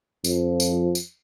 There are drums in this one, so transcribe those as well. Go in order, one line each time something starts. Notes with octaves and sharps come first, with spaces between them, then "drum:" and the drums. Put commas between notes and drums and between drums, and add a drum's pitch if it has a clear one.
F2 F3, drum: tambourine
drum: tambourine
drum: tambourine